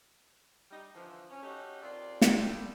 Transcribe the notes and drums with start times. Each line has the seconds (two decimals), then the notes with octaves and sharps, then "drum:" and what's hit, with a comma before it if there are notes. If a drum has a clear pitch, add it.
0.71 G3 D#4
0.95 D3 E3 F3
1.30 C#4
1.42 A3 C#4 D#4 F#4 G4
1.82 D#2 C4 F4 D5
2.22 drum: snare
2.40 G2 D3 D#3 G3